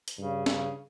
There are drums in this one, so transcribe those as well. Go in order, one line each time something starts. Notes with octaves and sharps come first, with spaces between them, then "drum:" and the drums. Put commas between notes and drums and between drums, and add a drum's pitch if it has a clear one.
drum: hi-hat
G2 C#3
C#3, drum: snare